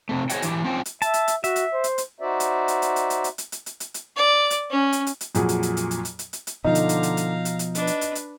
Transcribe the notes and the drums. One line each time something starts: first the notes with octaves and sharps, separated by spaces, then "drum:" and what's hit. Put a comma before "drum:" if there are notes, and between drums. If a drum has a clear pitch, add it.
C3 A3
G#4 C5 C#5 D#5 F#5 G5, drum: hi-hat
E3 G4, drum: hi-hat
C4 C#4 F4 C5 G5
drum: hi-hat
E5 A5, drum: hi-hat
drum: hi-hat
drum: hi-hat
F#4 E5, drum: hi-hat
drum: hi-hat
C5
drum: hi-hat
drum: hi-hat
D#4 F#4 C5 D5 E5
drum: hi-hat
drum: hi-hat
drum: hi-hat
drum: hi-hat
drum: hi-hat
drum: hi-hat
drum: hi-hat
drum: hi-hat
drum: hi-hat
drum: hi-hat
drum: hi-hat
D5
drum: hi-hat
C#4
drum: hi-hat
drum: hi-hat
drum: hi-hat
F2 A#2 F#3 G#4, drum: hi-hat
drum: hi-hat
drum: hi-hat
drum: hi-hat
drum: hi-hat
drum: hi-hat
drum: hi-hat
drum: hi-hat
drum: hi-hat
B2 D3 F3 D#4 F5 A#5
drum: hi-hat
drum: hi-hat
drum: hi-hat
drum: hi-hat
drum: hi-hat
drum: hi-hat
D4 B4 D#5, drum: hi-hat
drum: hi-hat
drum: hi-hat
drum: hi-hat